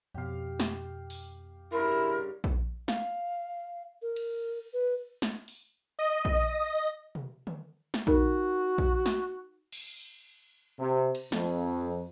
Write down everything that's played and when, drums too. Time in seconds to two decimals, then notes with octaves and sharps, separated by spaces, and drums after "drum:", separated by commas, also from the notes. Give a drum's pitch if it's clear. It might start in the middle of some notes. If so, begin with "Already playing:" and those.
0.14 F2 B2 G4 F5
0.60 drum: snare
1.10 drum: open hi-hat
1.72 G2 C#3 E4 F4 A#4, drum: tambourine
2.44 drum: kick A#1
2.88 F5, drum: snare
4.02 A#4
4.16 drum: cymbal
4.73 B4
5.22 drum: snare
5.48 drum: open hi-hat
5.99 D#5
6.25 drum: kick A#1
7.15 drum: tom B2
7.47 drum: tom
7.94 drum: snare
8.07 D#4 F#4 A#4, drum: kick A#1
8.78 drum: kick A#1
9.06 drum: snare
9.72 drum: cymbal
10.79 C3
11.15 drum: cymbal
11.32 F2, drum: snare